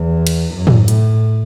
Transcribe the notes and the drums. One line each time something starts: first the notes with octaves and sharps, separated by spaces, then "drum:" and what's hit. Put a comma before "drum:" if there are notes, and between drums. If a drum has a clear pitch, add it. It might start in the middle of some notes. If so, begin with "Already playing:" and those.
Already playing: E2
drum: cymbal
F#2
drum: tom
A2, drum: hi-hat